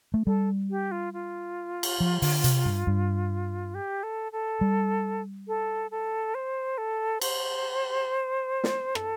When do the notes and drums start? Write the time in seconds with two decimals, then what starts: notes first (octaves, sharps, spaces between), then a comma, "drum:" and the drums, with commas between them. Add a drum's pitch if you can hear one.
0.14 A3
0.26 G3 A4
0.70 G4
0.91 F4
1.13 F4
1.83 drum: cymbal
2.00 F3
2.22 D3, drum: open hi-hat
2.44 C3, drum: hi-hat
2.65 G2
2.87 G2
3.75 G4
4.03 A4
4.32 A4
4.61 G3
5.48 A4
5.91 A4
6.35 C5
6.78 A4
7.21 C5, drum: cymbal
8.64 drum: snare
8.95 A4, drum: rim click